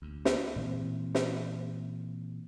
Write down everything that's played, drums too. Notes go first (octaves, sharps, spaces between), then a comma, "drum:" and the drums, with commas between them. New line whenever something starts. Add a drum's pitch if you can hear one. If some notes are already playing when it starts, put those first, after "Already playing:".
D2
drum: snare
A#2 E3 C4
drum: snare